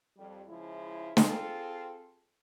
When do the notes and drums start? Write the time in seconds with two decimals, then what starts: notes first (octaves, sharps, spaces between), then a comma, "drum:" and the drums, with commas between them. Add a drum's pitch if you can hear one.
0.17 F2 G3
0.47 C#3 F3 G#3 E4
1.17 C4 F4 G#4 A4, drum: snare